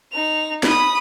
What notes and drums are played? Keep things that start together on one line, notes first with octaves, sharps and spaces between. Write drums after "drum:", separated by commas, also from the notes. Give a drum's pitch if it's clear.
D#4 F7
B5 D#6, drum: snare